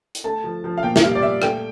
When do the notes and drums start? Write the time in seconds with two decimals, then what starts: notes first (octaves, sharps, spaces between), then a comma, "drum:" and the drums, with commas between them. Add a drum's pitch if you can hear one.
0.15 drum: hi-hat
0.24 A3 A5
0.44 F3
0.64 F3
0.77 F5
0.83 A#2 G5
0.96 E5, drum: snare
1.02 G3 F5
1.15 D5
1.22 A#2 E5
1.42 A3 G5, drum: rim click